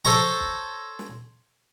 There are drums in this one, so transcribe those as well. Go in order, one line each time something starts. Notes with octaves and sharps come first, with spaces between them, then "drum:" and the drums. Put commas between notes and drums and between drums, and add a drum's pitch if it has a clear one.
A4 C5 C#5 A#5, drum: tom F3
drum: kick
drum: snare